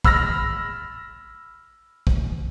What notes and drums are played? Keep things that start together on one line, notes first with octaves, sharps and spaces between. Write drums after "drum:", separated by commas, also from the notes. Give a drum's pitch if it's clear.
B5 E6 F6 A#6, drum: kick
drum: kick